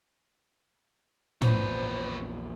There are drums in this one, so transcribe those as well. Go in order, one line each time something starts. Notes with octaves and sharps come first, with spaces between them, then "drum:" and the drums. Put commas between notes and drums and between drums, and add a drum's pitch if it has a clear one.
A#1 E2 A#2 C#4 B4 C5, drum: tom